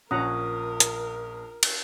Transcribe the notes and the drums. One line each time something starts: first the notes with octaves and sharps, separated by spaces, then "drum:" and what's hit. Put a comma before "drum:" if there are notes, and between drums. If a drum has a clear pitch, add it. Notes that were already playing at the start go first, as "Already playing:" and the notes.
A#1 C#4 A#4 F#5 A#5 D#6
drum: hi-hat
drum: cymbal